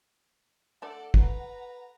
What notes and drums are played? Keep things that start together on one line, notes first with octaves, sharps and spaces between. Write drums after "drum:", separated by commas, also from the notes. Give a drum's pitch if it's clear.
A3 D4 A4 D5 F#5
B4 A#5, drum: kick